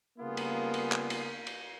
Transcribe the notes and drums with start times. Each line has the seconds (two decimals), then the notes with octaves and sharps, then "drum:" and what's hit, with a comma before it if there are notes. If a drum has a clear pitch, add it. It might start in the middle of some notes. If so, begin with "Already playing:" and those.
0.19 C#3 G3 A#3 B3 F4 G#4
0.37 drum: cymbal
0.74 drum: cymbal
0.92 drum: clap
1.10 drum: cymbal
1.47 drum: cymbal